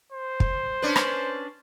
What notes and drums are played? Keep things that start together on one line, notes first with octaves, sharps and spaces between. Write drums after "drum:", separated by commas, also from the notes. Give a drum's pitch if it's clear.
C5
drum: kick
C#4 D4 B4
drum: rim click